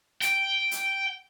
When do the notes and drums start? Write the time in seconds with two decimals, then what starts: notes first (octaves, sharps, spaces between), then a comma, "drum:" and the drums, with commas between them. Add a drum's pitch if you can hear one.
0.22 G5, drum: hi-hat
0.71 drum: hi-hat